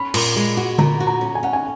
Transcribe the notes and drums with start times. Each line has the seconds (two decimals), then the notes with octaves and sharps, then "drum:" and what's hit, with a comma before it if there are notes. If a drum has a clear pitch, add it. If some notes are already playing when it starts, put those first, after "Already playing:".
Already playing: C#4 B5
0.14 A#2, drum: cymbal
0.36 G#3
0.57 F#4
0.78 A#2 A#5, drum: tom D3
1.00 F#4
1.07 A#5
1.21 C#4
1.35 G#5
1.43 C#4 F#5
1.53 G#5